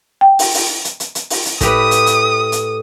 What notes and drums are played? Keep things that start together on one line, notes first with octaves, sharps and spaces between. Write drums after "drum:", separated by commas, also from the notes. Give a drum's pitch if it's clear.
G5
drum: open hi-hat
drum: open hi-hat
drum: hi-hat
drum: hi-hat
drum: hi-hat
drum: open hi-hat
drum: hi-hat
A2 G4 B4 D#6, drum: kick, hi-hat
drum: hi-hat
drum: hi-hat
drum: hi-hat